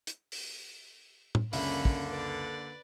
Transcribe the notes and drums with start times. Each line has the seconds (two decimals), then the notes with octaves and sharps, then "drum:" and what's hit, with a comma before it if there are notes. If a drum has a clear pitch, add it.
0.07 drum: hi-hat
0.32 drum: open hi-hat
1.35 drum: tom
1.53 C#2 F#2 D3 A#3 C#4 E5 B5, drum: open hi-hat
1.85 drum: kick
2.08 B4 D5